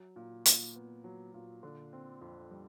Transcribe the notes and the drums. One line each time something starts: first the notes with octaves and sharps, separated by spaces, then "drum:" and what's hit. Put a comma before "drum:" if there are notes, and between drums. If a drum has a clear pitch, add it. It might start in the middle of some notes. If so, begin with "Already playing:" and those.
Already playing: F#3
A#2
A#2, drum: hi-hat
B3
F#3
A#2
D3
C4
F2
G3